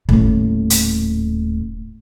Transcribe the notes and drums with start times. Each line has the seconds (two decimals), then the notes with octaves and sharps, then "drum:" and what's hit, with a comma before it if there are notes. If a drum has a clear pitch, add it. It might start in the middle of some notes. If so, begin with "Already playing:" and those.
0.09 D#1 A2, drum: kick
0.70 drum: hi-hat